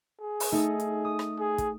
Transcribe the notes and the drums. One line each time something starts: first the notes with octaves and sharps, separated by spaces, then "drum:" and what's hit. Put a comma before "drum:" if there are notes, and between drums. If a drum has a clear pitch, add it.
G#4
drum: open hi-hat
A3 D#4
drum: hi-hat
D#6
drum: rim click
G#4
drum: kick, hi-hat